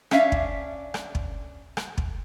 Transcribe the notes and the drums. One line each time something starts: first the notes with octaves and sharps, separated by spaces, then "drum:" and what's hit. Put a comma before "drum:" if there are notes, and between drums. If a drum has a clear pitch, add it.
C#4 D4 E5 F5, drum: rim click
drum: kick
drum: rim click
drum: kick
drum: rim click
drum: kick